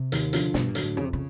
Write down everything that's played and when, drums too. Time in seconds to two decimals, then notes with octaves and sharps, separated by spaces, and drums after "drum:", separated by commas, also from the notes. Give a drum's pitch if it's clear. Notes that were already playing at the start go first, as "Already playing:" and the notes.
Already playing: C3
0.12 D#2, drum: hi-hat
0.33 D3 F3, drum: hi-hat
0.54 G2 B2, drum: snare
0.68 A#2
0.75 D3 F#3, drum: hi-hat
0.82 A2
0.97 F2 C#3
1.05 C3
1.13 C#3